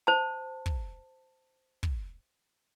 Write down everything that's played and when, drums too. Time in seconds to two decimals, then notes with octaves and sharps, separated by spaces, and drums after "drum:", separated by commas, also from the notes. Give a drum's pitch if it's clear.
0.07 C5 A5
0.66 drum: kick
1.83 drum: kick